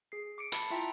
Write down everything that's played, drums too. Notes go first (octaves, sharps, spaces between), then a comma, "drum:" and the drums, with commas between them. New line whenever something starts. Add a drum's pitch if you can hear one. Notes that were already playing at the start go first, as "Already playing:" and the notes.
G#4 C7
D6 C#7 D7
A5 B5 C#7, drum: hi-hat
E4 F4 E5 G5 A5 A#5